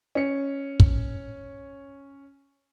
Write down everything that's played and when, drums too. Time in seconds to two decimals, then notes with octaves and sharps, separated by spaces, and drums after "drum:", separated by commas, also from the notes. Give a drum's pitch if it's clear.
0.15 C#4 C#7
0.80 drum: kick